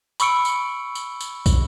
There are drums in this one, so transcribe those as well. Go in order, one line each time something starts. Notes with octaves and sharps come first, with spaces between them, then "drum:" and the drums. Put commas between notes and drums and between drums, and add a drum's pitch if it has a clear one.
B5 C#6 E6 C#7 D7, drum: tambourine
drum: tambourine
drum: tambourine
drum: tambourine
drum: kick, tambourine